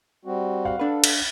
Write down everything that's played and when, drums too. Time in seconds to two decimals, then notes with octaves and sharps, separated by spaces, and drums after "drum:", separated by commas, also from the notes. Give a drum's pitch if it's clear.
0.25 G3 C4 F#4
0.65 F5 F#5
0.79 D4 A4 B4
1.04 drum: cymbal